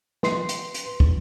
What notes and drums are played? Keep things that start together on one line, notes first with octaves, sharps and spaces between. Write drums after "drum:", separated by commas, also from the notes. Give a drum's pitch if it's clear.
B4 C6 C7, drum: snare
drum: hi-hat
drum: hi-hat
drum: kick